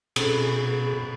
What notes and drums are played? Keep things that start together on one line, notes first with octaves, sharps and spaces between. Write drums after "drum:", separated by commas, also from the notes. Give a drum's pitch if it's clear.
B2 G#4, drum: cymbal